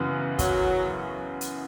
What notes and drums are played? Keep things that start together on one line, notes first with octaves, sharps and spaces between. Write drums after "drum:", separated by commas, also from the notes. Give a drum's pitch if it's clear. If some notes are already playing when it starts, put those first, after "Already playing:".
Already playing: F#2 C#3 E3 B3 F#4
F#3, drum: kick, hi-hat
drum: hi-hat